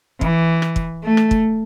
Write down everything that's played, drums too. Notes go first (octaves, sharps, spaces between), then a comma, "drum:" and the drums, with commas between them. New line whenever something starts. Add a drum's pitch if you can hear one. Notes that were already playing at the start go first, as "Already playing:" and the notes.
E3, drum: kick
drum: rim click
drum: kick
A3
drum: rim click
drum: kick